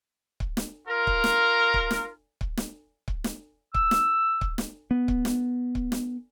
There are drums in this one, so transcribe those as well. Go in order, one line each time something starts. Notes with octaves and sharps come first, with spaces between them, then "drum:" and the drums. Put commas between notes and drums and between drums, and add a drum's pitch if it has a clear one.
drum: kick C#1
drum: snare
F4 A#4
drum: kick C#1
drum: snare
drum: kick C#1
drum: snare
drum: kick C#1
drum: snare
drum: kick C#1
drum: snare
E6, drum: kick C#1
drum: snare
drum: kick C#1
drum: snare
B3
drum: kick C#1
drum: snare
drum: kick C#1
drum: snare